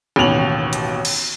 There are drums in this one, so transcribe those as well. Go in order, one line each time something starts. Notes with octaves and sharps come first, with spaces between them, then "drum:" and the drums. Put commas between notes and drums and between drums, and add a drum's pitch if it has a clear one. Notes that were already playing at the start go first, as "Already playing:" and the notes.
A1 D#2 B2 F7 F#7
drum: hi-hat
drum: cymbal